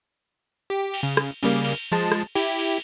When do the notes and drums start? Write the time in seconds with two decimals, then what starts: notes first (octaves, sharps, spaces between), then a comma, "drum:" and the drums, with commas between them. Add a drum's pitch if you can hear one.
0.70 G4
0.94 drum: cymbal
1.03 C#3
1.17 drum: rim click
1.43 C#3 G3 A#3, drum: cymbal
1.64 drum: cymbal
1.92 F3 G#3 A5
2.12 drum: rim click
2.35 E4 G4, drum: cymbal
2.59 drum: cymbal